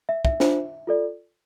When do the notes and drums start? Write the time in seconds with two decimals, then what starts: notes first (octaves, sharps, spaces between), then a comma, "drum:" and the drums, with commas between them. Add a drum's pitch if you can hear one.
0.09 E5
0.25 E5, drum: kick
0.40 D4 F4 C5, drum: snare
0.87 F4 A4 D5